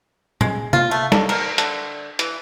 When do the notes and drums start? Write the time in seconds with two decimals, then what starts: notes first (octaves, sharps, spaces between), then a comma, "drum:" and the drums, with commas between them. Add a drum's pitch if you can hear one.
0.41 G#3, drum: tom A#2
0.73 F4, drum: tom C3
0.91 A3
1.12 D4, drum: snare
1.29 A#4, drum: cymbal
1.58 D3, drum: hi-hat
2.19 E3, drum: hi-hat